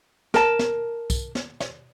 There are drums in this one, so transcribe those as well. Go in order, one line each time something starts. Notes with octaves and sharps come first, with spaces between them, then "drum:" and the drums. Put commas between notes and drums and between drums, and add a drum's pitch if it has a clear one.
A#4 A5, drum: snare
drum: snare
drum: kick, tambourine
drum: snare
drum: snare